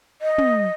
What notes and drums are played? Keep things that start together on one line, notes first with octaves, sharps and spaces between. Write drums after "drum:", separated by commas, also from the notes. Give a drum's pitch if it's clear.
D#5
drum: tom